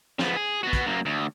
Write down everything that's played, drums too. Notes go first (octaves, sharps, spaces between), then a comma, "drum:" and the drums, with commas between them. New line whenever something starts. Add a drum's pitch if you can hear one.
F3 B3, drum: snare
G#4
B3 F#4
drum: kick, hi-hat
F#2 A#3
D2